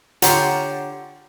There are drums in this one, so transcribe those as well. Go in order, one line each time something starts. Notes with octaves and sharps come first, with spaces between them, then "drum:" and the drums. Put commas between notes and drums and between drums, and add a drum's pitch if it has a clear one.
D3 F4 G4 C#5 F#5 A#5, drum: hi-hat